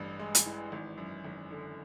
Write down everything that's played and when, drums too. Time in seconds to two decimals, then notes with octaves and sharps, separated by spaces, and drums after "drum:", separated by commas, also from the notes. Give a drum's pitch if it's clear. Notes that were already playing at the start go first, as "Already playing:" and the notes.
Already playing: A1 G2
0.19 G#3
0.35 drum: hi-hat
0.45 E3
0.72 G#1
0.97 F#2
1.24 G#1
1.51 D3